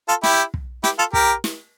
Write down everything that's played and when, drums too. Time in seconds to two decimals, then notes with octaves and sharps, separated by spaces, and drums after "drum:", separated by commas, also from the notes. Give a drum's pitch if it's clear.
0.09 F4 A4
0.24 E4 G4, drum: snare
0.54 drum: kick
0.84 E4 G4, drum: snare
0.99 F4 A4
1.13 G4 A#4, drum: kick
1.44 drum: snare